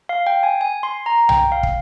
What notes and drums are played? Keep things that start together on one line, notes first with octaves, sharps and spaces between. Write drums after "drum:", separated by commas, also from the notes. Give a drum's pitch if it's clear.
F5
G5
G#5
G#5
C6
A#5
G5, drum: tom B1
F5
drum: kick